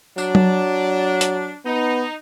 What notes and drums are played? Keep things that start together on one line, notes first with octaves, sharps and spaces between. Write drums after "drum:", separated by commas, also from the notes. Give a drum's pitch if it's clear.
F#3 D4, drum: tambourine
drum: tom F#3
drum: hi-hat
B3 D#4